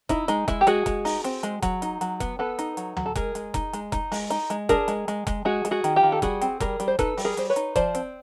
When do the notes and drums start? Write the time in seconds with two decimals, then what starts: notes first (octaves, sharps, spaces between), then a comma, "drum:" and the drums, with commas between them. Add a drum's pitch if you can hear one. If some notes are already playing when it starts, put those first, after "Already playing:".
0.09 D#4 E4, drum: kick F1, hi-hat
0.28 G#3 D#4, drum: hi-hat
0.48 G#3 E4, drum: kick F1, hi-hat
0.61 G4
0.67 G#3 F#4 G#4, drum: hi-hat
0.86 G#3, drum: kick F1, hi-hat
1.05 D#4, drum: open hi-hat
1.24 C4, drum: hi-hat
1.43 G#3, drum: hi-hat
1.62 F#3, drum: kick F1, hi-hat
1.82 D#4, drum: hi-hat
2.01 F#3, drum: hi-hat
2.20 B3, drum: kick F1, hi-hat
2.39 B3 A4 B4
2.59 D#4, drum: hi-hat
2.77 F#3, drum: hi-hat
2.97 F#3, drum: tom
3.06 A4
3.15 G#3 G#4 A#4, drum: kick F1, hi-hat
3.35 G#3, drum: hi-hat
3.54 D#4, drum: kick F1, hi-hat
3.73 G#3, drum: hi-hat
3.92 D#4, drum: kick F1, hi-hat
4.12 G#3, drum: open hi-hat
4.30 D#4, drum: hi-hat
4.50 G#3, drum: hi-hat
4.69 D4 G#4 A#4, drum: kick F1, hi-hat
4.88 G#3, drum: hi-hat
5.08 G#3, drum: hi-hat
5.27 G#3, drum: kick F1, hi-hat
5.45 G#3 F#4 G#4
5.65 G#3, drum: hi-hat
5.71 F#4 G#4
5.84 D#3, drum: hi-hat
5.96 F4 G4
6.03 D#3
6.12 A4
6.22 G3 F#4 G#4, drum: kick F1, hi-hat
6.41 C4, drum: hi-hat
6.60 G3 G#4 A#4, drum: kick F1, hi-hat
6.80 G3, drum: hi-hat
6.88 C5
6.99 D#4 A4 B4, drum: kick F1, hi-hat
7.17 G3, drum: open hi-hat
7.25 G#4 A#4
7.37 G3 C5, drum: hi-hat
7.50 B4 C#5
7.56 D#4, drum: hi-hat
7.76 F3 C5 D5, drum: kick F1, hi-hat
7.95 C4, drum: hi-hat